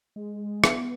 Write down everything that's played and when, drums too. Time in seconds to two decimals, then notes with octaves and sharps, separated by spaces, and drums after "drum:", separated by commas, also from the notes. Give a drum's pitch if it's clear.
0.16 G#3
0.64 B3, drum: rim click